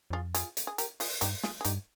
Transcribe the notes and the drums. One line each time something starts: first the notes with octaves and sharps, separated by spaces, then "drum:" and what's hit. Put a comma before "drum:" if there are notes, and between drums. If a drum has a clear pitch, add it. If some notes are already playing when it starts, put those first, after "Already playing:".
F2 F4 G#4
F4 G#4, drum: hi-hat
drum: hi-hat
G#4
G4 A#4, drum: hi-hat
F4 G#4, drum: open hi-hat
G2 D#4 G4, drum: hi-hat
F4 G#4, drum: snare
G#4
G2 D#4 G4, drum: hi-hat